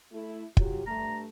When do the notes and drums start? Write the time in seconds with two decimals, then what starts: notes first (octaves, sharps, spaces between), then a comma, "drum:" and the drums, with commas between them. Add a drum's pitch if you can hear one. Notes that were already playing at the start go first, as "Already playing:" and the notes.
0.12 A3 E4
0.57 F#3 F4 G4, drum: kick
0.86 G2 A3 A#5